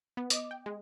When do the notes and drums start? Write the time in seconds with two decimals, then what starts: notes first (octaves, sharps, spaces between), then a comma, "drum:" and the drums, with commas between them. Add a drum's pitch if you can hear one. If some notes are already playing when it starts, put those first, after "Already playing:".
0.17 B3
0.30 D#5 D6, drum: hi-hat
0.51 G5
0.66 G#3